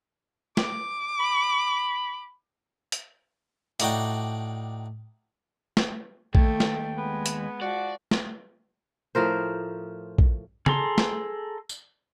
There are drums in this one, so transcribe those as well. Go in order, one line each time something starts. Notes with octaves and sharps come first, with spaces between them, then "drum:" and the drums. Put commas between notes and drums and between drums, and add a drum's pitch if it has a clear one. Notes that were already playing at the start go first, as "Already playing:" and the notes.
D6, drum: snare
B5
drum: hi-hat
A2 D4 D#4 F#4 D5 G5, drum: hi-hat
drum: snare
D#2 A3 G5, drum: kick A#1
drum: snare
G#3 B3
drum: hi-hat
F3 F#4 D5 F#5
drum: snare
A2 F3 A#4 C5
drum: kick A#1
G#4 A4 A#5 C6, drum: tom
drum: snare
drum: tambourine